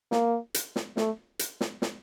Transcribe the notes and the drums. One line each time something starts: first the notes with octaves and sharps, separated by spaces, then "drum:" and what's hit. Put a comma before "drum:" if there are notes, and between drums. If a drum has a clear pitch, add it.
A#3, drum: snare
drum: hi-hat
drum: snare
A3, drum: snare
drum: hi-hat
drum: snare
drum: snare